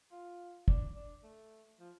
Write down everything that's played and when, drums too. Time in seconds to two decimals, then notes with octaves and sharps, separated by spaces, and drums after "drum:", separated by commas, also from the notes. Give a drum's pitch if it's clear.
0.12 F4
0.68 D4, drum: kick
0.96 D4
1.23 A3
1.80 F3